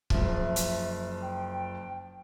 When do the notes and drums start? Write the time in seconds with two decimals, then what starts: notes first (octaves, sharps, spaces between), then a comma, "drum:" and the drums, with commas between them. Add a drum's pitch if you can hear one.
0.10 F#1 F3 E5, drum: kick
0.56 drum: hi-hat
1.21 G5